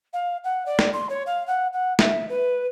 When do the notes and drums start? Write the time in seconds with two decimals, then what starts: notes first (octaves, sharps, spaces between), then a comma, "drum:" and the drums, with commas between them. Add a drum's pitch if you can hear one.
0.13 F5
0.44 F#5
0.66 D5
0.79 drum: snare
0.93 C6
1.09 C#5
1.26 F5
1.47 F#5
1.73 F#5
1.99 E5, drum: snare
2.28 B4